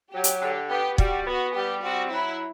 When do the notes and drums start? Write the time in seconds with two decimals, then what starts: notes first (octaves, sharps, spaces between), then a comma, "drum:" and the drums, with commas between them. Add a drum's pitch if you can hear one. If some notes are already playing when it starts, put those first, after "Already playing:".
0.13 F#3 G4
0.24 drum: hi-hat
0.42 D3
0.70 B3 G4
0.98 G3 F#4, drum: kick
1.27 B3 F#4
1.55 G3 G4
1.83 C4 F#4
2.11 F#3 E4